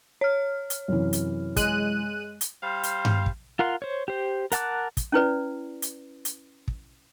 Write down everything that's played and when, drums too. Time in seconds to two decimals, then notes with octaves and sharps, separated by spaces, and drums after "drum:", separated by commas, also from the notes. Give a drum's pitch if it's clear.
0.21 C#5 F6
0.70 drum: hi-hat
0.88 F#2 C3 E3
1.13 drum: hi-hat
1.56 G#3 F#6 D#7, drum: kick, hi-hat
2.41 drum: hi-hat
2.62 G3 C5 F5
2.83 drum: hi-hat
3.05 drum: tom G2
3.26 drum: kick
3.59 F4 A#4 F#5 C6
3.82 C5 C#5
4.08 G4 C5
4.52 A#4 F#5 A5 D6 F#6, drum: hi-hat
4.97 drum: kick, hi-hat
5.12 C#4 E4 B4 D5
5.82 drum: hi-hat
6.25 drum: hi-hat
6.68 drum: kick